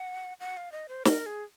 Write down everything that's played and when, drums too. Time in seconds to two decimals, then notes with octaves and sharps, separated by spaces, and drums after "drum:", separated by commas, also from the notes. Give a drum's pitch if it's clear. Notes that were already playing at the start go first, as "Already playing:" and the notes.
Already playing: F#5
0.40 F#5
0.57 F5
0.72 D#5
0.89 C5
1.05 A#4, drum: snare
1.26 G#4